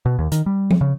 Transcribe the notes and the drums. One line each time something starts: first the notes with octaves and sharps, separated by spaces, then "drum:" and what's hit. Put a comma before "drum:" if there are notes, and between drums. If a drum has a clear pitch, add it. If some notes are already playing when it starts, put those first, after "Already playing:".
B2
D#2
D#3, drum: hi-hat
G3
drum: tom
C#3